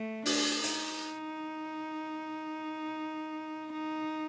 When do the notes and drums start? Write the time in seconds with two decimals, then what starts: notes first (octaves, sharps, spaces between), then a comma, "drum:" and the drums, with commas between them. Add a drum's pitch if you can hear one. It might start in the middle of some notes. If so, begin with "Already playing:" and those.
Already playing: A3
0.26 D4, drum: open hi-hat
0.64 D#4, drum: hi-hat
3.72 D#4